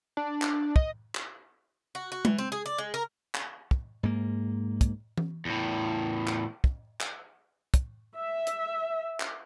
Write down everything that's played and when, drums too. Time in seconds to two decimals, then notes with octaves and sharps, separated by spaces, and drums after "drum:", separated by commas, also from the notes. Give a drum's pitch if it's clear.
0.17 D4
0.42 drum: clap
0.76 D#5, drum: kick
1.15 drum: clap
1.95 F#4
2.12 F#4
2.25 E3, drum: tom G#3
2.38 C4
2.52 G#4
2.66 D5
2.78 G#3
2.94 A#4
3.35 drum: clap
3.71 drum: kick
4.03 G#2 A#3
4.81 drum: kick, hi-hat
5.17 drum: tom E3
5.45 E2 A2
6.27 drum: clap
6.64 drum: kick
7.00 drum: clap
7.74 drum: kick, hi-hat
8.16 E5
8.47 drum: hi-hat
9.20 drum: clap